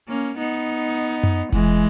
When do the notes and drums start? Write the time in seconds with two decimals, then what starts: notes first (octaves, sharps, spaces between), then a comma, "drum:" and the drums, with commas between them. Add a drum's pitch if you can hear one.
0.09 A#3 C#4
0.38 B3 D#4
0.95 drum: open hi-hat
1.24 drum: tom F#2
1.52 E3 G#3, drum: kick F1, hi-hat